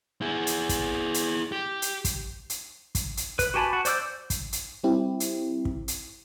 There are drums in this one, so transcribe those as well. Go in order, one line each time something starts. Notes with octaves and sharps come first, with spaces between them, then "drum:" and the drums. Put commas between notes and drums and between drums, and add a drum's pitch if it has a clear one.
E4 G#4
drum: hi-hat
drum: kick, hi-hat
drum: hi-hat
G4
drum: hi-hat
drum: kick, hi-hat
drum: hi-hat
drum: kick, hi-hat
drum: hi-hat
B4, drum: kick, hi-hat
F#4 G4 G#5 A5 B5
F#4
C5 D5 D6 E6 G6, drum: hi-hat
drum: kick, hi-hat
drum: hi-hat
G3 C4 E4 G4
drum: hi-hat
drum: kick
drum: hi-hat